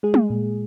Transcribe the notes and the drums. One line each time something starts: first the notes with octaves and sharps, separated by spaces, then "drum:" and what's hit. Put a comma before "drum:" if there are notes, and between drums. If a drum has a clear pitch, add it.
G#3 G#4
drum: tom
A#2